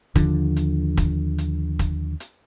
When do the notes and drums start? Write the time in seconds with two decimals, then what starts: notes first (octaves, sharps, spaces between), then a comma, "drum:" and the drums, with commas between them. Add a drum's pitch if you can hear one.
0.15 D#2 D3 F3, drum: kick, hi-hat
0.56 drum: hi-hat
0.97 drum: kick, hi-hat
1.38 drum: hi-hat
1.79 drum: kick, hi-hat
2.20 drum: hi-hat